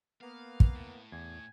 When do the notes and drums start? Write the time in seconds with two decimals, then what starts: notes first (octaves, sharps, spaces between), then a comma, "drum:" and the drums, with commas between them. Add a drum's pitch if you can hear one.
0.21 A#3 B3 F5
0.60 drum: kick
0.76 A2
1.12 E2 G#5